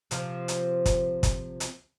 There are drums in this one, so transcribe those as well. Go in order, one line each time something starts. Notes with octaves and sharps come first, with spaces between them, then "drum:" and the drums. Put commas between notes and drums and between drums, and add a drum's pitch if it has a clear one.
C3 F3 C4, drum: hi-hat
drum: hi-hat
drum: kick, hi-hat
drum: kick, hi-hat
drum: hi-hat